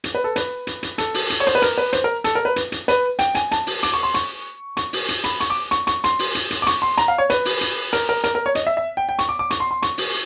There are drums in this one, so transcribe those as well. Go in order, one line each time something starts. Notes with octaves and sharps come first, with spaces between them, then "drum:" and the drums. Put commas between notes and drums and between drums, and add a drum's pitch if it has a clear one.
drum: hi-hat
B4
A4
B4, drum: hi-hat
drum: hi-hat
drum: hi-hat
A4, drum: hi-hat
drum: open hi-hat
drum: hi-hat
C#5
C5, drum: hi-hat
B4
A#4, drum: hi-hat
B4
C5, drum: hi-hat
A#4
A4, drum: hi-hat
A#4
B4
drum: hi-hat
drum: hi-hat
B4, drum: hi-hat
G5, drum: hi-hat
G#5, drum: hi-hat
A5, drum: hi-hat
drum: open hi-hat
D6, drum: hi-hat
C#6
C6
C#6, drum: hi-hat
C#6, drum: hi-hat
drum: open hi-hat
drum: hi-hat
B5, drum: hi-hat
C#6, drum: hi-hat
D6
C#6, drum: hi-hat
C#6, drum: hi-hat
C6, drum: hi-hat
drum: open hi-hat
drum: hi-hat
drum: hi-hat
D6
C#6, drum: hi-hat
C6
A#5, drum: hi-hat
F5
C#5
B4, drum: hi-hat
drum: open hi-hat
drum: hi-hat
A#4, drum: hi-hat
A#4
A#4, drum: hi-hat
A#4
C#5
D#5, drum: hi-hat
E5
E5
G5
G5
C#6, drum: hi-hat
D6
D6
C#6, drum: hi-hat
C6
C6
C#6, drum: hi-hat
drum: open hi-hat